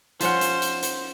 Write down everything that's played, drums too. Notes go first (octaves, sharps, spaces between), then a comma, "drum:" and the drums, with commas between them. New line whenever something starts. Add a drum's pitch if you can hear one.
F3 C#4 C5 F#5, drum: hi-hat
drum: hi-hat
drum: hi-hat
drum: hi-hat